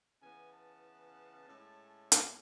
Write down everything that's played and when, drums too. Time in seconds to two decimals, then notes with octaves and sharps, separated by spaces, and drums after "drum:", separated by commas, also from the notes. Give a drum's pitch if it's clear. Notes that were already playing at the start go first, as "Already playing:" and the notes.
0.22 C#3 E3 B3 G#5
0.53 A5
1.48 A2 G#3 C#4
2.12 drum: hi-hat